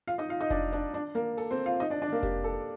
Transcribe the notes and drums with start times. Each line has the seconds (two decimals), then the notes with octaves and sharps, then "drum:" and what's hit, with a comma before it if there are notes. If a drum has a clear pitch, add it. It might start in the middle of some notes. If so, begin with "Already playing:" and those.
0.07 F4 F5, drum: hi-hat
0.18 D#4 D#5
0.29 F4 F5
0.41 D#4 D#5
0.50 D4 D5, drum: kick F1, hi-hat
0.72 D4 D5, drum: hi-hat
0.94 D4 D5, drum: hi-hat
1.15 A#3 A#4, drum: hi-hat
1.37 A4, drum: open hi-hat
1.51 C4 C5
1.66 F4 F5
1.80 D#4 D#5, drum: hi-hat
1.90 D4 D5
2.02 D4 D5
2.12 A#3 A#4
2.23 G4, drum: kick F1, hi-hat
2.44 A4